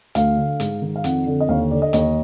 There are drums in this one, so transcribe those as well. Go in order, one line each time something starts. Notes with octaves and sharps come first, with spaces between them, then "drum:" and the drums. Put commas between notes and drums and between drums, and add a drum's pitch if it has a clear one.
D2 F5, drum: hi-hat
D3
G#2, drum: hi-hat
D#3
F5
F2 F#5, drum: hi-hat
D3
D#5
D#2 F5
D3 D5
D#5
D#2 D#5, drum: hi-hat